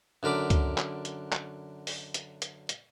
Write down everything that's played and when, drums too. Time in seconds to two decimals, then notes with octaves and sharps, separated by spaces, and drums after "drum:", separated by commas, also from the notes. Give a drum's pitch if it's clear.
0.23 F#2 D3 A#4 B5 D6
0.50 drum: kick C#2, hi-hat
0.78 drum: clap
1.05 drum: hi-hat
1.32 drum: clap
1.87 drum: open hi-hat
2.14 drum: hi-hat
2.42 drum: hi-hat
2.69 drum: hi-hat